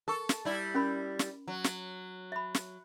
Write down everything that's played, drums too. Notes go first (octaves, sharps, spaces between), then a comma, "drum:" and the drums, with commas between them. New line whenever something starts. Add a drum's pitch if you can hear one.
A4 A#4 C#6
drum: snare
G3 E4
C#4 A#4 B5
drum: snare
F#3
drum: snare
E5 B5
drum: snare